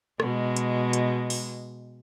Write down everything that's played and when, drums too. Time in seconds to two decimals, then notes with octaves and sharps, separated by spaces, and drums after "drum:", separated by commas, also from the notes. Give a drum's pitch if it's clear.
0.20 B2 G#3, drum: rim click
0.57 drum: hi-hat
0.93 drum: hi-hat
1.30 drum: open hi-hat